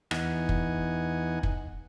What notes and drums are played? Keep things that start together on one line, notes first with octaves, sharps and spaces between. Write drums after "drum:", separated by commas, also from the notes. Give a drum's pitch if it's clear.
E2 D#4 F#5 G#5, drum: rim click
drum: kick
drum: kick